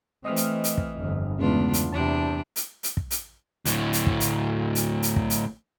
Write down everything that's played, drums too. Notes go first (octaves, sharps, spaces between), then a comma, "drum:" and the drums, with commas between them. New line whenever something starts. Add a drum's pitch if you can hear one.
E3 A3 C4 D#5 D#6 F6
drum: hi-hat
drum: hi-hat
drum: kick
G1 F2
E2 C#3 G#3 A3 B3 D4 F4
drum: hi-hat
E2 C3 D4 A5
drum: hi-hat
drum: hi-hat
drum: kick
drum: hi-hat
D2 A2, drum: hi-hat
drum: hi-hat
drum: kick
drum: hi-hat
drum: hi-hat
drum: hi-hat
drum: kick
drum: hi-hat